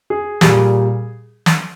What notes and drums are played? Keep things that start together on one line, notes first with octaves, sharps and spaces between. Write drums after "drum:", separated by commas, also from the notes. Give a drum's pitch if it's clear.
G#4
A#2 G3 G#4, drum: snare
drum: snare